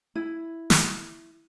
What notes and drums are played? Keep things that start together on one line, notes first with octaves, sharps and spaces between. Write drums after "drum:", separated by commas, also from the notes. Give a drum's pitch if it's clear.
E4
drum: snare